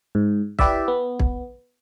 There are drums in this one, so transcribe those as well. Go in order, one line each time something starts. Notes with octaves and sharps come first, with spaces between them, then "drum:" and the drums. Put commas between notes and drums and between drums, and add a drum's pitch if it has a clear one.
G#2
E4 G4 B4 D5 E5, drum: kick
B3
drum: kick